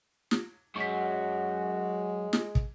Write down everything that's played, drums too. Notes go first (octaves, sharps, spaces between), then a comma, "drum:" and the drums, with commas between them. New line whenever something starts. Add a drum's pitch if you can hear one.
drum: snare
F#2 G#3 F#4 C#6 B6
drum: snare
drum: kick